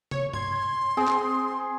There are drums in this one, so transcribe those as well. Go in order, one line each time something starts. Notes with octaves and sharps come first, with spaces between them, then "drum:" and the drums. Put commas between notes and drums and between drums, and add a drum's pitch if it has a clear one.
C#5, drum: tom
C6 G#6, drum: tom G2
C4 G#4
drum: clap